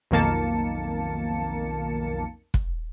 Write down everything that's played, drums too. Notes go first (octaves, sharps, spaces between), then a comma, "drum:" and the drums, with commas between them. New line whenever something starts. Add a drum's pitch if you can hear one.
B1 F2 D#3 A#3 A5 C#7
drum: kick